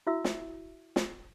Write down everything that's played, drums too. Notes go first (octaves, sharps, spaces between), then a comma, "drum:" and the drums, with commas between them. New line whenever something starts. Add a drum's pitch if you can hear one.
E4 F#4 E5 E6
drum: snare
drum: snare